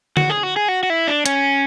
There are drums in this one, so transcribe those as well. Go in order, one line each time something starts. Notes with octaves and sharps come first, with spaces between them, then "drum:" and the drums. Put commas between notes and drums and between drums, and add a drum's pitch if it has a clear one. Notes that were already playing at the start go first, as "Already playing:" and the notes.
F#4, drum: tom D3
G#4
F#4
G#4
F#4
F#4
E4
D4
C#4, drum: hi-hat